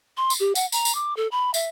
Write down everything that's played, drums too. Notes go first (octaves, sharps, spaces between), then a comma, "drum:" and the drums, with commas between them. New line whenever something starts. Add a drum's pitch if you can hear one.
C6
drum: tambourine
G4
F#5, drum: tambourine
A#5, drum: tambourine
drum: tambourine
D6
A4
B5
E5, drum: tambourine